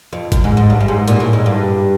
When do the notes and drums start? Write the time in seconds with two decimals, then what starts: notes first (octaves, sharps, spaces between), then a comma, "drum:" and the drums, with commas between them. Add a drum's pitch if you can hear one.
0.13 F2
0.32 F#2, drum: kick G1, hi-hat
0.44 G#2
0.57 G#2
0.70 G2
0.81 G2
0.88 G#2
1.08 A#2, drum: hi-hat
1.20 A2
1.33 G#2
1.46 G2